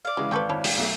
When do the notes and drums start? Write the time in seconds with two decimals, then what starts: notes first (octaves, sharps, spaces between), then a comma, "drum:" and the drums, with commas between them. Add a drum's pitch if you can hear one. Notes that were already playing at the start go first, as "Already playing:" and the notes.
0.05 D5 F5
0.17 C#3 E3 F#3 G#3
0.31 G#1 C4 A4 B4 C#6 G6
0.49 G#1 E4 C#5 A5
0.64 F1, drum: open hi-hat
0.77 B1 A3